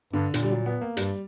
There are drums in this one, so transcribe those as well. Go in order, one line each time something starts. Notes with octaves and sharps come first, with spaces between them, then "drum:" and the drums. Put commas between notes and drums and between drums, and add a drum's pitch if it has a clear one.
G2 D3
A#2 D3, drum: hi-hat
G3
F#3
B3
A#3
G2 G3, drum: hi-hat